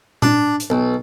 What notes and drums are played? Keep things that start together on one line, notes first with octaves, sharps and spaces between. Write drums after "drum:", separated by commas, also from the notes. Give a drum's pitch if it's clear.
D4, drum: tom A#2
drum: hi-hat
B1